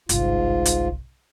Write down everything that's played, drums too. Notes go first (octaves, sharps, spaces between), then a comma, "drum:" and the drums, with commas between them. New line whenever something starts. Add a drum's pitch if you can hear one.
G1 C2 G#2 F4, drum: hi-hat
drum: hi-hat